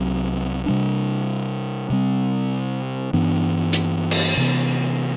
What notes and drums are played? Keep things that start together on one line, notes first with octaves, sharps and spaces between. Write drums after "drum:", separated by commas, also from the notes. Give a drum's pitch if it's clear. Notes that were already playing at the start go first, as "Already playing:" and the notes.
Already playing: C2 C3 F#3 C4
C3 G3 D4
C3 G3 C4
G2 E3 B3 D4
drum: hi-hat
drum: cymbal
C3 E3 B3